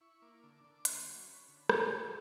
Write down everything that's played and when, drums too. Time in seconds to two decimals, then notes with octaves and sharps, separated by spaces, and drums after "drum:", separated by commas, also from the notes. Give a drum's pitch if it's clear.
0.01 E4 C#6
0.22 A#3 D6
0.43 D3 D6
0.64 D3 D6
0.75 D6
0.85 A#3 C#6, drum: hi-hat
1.07 F#3
1.27 C#4 B5
1.48 D3
1.70 A#3 E5, drum: rim click
1.91 F#3